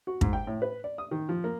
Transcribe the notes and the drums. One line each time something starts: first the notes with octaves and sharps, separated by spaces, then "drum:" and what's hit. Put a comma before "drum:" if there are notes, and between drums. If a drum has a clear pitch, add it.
F#4
G#2, drum: kick
G5
A2
B4
D5
D#6
D#3
F3
A#3